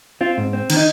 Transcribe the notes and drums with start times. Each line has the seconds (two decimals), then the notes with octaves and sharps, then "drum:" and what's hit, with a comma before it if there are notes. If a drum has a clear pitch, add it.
0.21 C4 F4
0.38 G#2
0.53 C4
0.70 D#3, drum: cymbal
0.77 D#4